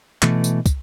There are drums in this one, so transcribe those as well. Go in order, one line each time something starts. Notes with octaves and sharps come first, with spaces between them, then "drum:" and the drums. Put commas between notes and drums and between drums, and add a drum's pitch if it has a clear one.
B2 E3 A3, drum: clap
drum: tambourine
drum: kick, tambourine